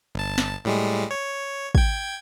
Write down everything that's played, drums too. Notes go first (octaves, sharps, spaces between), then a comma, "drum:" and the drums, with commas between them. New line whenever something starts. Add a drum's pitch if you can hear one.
G1 A5
drum: snare
A2 G3 G#3
C#5
G5 G#6, drum: kick